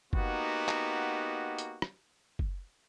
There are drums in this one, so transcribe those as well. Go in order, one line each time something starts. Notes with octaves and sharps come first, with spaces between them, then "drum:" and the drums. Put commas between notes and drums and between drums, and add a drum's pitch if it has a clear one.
A#3 B3 D#4 F#4 G4, drum: kick F#1
drum: clap
drum: hi-hat
drum: rim click
drum: kick F#1